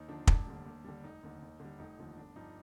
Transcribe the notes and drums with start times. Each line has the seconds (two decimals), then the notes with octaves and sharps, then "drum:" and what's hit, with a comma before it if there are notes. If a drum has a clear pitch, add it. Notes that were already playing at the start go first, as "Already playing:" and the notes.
Already playing: D#2 D#4
0.08 D3 F3 D4
0.27 F1 D4, drum: kick
0.47 D#2 D3 G3
0.65 D#2
0.84 D3 G3
1.04 F1 D#4
1.23 D#2 D3
1.42 D#2
1.60 D3 G3
1.79 F1 D#4
1.99 D#2 D3 F3
2.17 G1 D4
2.36 G2 F3 D#4